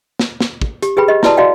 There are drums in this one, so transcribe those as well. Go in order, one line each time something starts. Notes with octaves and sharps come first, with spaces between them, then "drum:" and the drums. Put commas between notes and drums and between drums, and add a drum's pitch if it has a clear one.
drum: snare
drum: snare
drum: kick
G4, drum: hi-hat
G4 G#4 B4 G5 B5
G4 D#5
E4 F#4 B4 D5 A5 D#6, drum: snare
F#4 D5 D#5 F5 G5